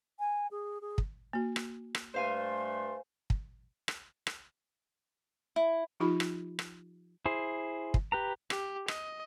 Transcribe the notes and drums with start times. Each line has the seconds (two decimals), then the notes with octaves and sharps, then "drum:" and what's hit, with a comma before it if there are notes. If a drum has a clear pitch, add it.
0.19 G#5
0.51 G#4
0.81 G#4
0.98 drum: kick
1.33 A#3 F#4
1.56 drum: rim click
1.95 drum: rim click
2.14 G2 A3 C5 F5 G#5 C6
3.30 drum: kick
3.88 drum: rim click
4.27 drum: rim click
5.56 E4
6.00 F3 D#4 F4 G4 B5
6.20 drum: rim click
6.59 drum: rim click
7.26 E4 G#4 C5
7.94 drum: kick
8.12 G4 B4 A#5
8.50 G4, drum: rim click
8.88 D#5, drum: rim click